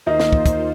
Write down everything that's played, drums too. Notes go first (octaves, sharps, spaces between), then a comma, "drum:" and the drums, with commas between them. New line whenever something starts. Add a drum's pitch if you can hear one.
D#2 D#3 A#3 D#4 F4 C5
drum: snare
drum: kick
drum: kick, hi-hat